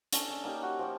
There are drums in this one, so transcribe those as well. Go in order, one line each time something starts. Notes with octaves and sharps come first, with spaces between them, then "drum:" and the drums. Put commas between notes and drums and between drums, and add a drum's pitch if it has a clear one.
C#4 D4 A4 C#5, drum: hi-hat
C#4
A#3 D#4 G4
F#4
F3 G4 C#5